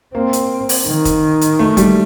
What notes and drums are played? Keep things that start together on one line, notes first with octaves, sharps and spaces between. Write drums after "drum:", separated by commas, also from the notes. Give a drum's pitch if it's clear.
A#3 C4
drum: hi-hat
drum: open hi-hat
D#3
drum: kick, hi-hat
drum: hi-hat
A3
G3, drum: kick, hi-hat